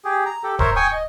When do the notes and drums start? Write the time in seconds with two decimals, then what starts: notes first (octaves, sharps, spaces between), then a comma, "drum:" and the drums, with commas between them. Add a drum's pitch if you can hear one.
0.05 G4 G#4
0.26 A#5
0.43 G4 A4
0.59 A#4 C5 C#5 E5, drum: kick
0.76 G5 G#5 C#6 D#6
0.92 D#5